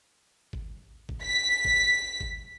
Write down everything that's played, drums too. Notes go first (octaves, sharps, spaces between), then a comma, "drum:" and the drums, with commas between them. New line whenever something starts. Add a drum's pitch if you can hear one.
drum: kick G#1
drum: kick G#1
B6
drum: kick G#1
drum: kick G#1